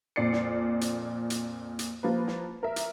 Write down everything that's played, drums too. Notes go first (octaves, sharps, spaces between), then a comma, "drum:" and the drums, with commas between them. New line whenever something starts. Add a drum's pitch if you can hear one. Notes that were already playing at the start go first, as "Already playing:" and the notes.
F2 A#2 D5 C7 C#7
drum: snare
drum: hi-hat
drum: hi-hat
drum: hi-hat
F3 A#3 B4
drum: snare
A#4 E5
drum: hi-hat